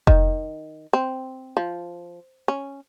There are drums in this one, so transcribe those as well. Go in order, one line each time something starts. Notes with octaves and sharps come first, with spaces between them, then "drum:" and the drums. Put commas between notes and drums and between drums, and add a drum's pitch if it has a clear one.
D#3, drum: kick F1
C4
F3
C#4